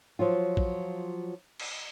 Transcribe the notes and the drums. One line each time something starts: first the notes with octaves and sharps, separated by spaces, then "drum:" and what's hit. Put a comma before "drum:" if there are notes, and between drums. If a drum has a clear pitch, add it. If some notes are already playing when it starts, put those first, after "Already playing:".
F3 F#3 F4
drum: kick A1
drum: cymbal